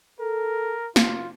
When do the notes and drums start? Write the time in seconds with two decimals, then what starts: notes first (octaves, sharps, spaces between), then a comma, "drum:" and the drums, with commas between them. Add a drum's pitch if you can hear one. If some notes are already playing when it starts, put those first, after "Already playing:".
0.19 A4 A#4
0.96 F#1 A#3 F4, drum: snare